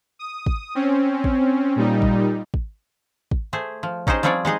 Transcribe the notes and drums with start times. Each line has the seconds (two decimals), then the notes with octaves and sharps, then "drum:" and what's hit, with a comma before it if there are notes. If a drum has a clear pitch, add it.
0.19 D#6
0.46 drum: kick
0.75 C4 C#4
1.24 drum: kick
1.76 A#2 G3 D#4
2.02 drum: kick
2.54 drum: kick
3.31 drum: kick
3.53 A3 G#4 C5
3.83 F3
4.07 C#4 D#4 G4 G#4 C5 D#5, drum: kick
4.23 F3 G3 C4 G#4 C#5 D5
4.45 G#3 D#4 G#4 D#5